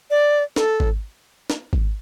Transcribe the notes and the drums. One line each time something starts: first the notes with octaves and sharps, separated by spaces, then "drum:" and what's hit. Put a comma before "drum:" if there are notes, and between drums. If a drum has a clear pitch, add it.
D5
A4, drum: snare
drum: kick G#1
drum: snare
drum: kick G#1